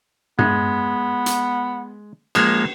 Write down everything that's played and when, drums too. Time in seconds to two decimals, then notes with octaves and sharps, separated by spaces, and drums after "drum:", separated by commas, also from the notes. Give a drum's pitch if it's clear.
0.39 G#3 B3, drum: tom G2
1.26 drum: hi-hat
2.35 F3 G#3 A#3, drum: cymbal